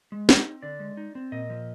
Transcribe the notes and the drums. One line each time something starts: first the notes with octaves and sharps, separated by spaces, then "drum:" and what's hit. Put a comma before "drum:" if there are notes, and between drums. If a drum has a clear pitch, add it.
G#3
D#4, drum: snare
C4
D3 D5
G#3
D#4
C4
A#2 D#5
F3